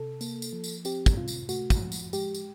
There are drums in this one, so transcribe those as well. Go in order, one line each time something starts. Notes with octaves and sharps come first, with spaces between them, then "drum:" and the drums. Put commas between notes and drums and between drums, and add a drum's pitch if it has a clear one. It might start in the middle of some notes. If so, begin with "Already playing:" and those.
Already playing: C3 A4
A#3, drum: tambourine
drum: tambourine
F3
drum: tambourine
C4 G4, drum: tambourine
drum: kick, tambourine
C3 F4
drum: tambourine
A3 F#4, drum: tambourine
drum: kick, tambourine
F3
drum: tambourine
G#3 G4, drum: tambourine
drum: tambourine